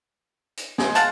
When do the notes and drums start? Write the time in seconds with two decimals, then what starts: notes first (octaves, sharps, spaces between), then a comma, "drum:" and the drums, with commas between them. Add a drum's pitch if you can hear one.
0.57 drum: hi-hat
0.78 G#3 G#4, drum: snare
0.95 F5 F#5 A5, drum: hi-hat